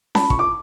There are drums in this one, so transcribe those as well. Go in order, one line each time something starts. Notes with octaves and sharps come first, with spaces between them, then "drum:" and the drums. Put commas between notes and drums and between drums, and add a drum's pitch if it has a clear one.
A5 B5, drum: snare C#4
C#6, drum: kick
D6